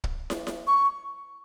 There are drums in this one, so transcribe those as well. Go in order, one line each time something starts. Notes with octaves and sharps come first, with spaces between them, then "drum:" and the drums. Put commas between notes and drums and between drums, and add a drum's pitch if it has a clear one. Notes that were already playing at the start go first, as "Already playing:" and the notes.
drum: kick
drum: snare
drum: snare
C#6